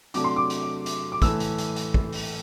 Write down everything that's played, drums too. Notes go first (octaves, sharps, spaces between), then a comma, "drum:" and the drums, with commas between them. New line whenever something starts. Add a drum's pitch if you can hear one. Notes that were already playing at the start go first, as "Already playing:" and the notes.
C3 F#3 A3 D4 D6, drum: hi-hat
C6
D6
drum: hi-hat
drum: hi-hat
D6
A2 E3 A3 E6, drum: kick, hi-hat
drum: hi-hat
drum: hi-hat
drum: hi-hat
drum: kick
drum: open hi-hat